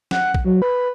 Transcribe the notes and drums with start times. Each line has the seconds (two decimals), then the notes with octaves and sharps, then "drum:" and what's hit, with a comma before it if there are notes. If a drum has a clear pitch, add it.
0.11 F#5, drum: snare
0.34 drum: kick
0.44 F#3
0.62 B4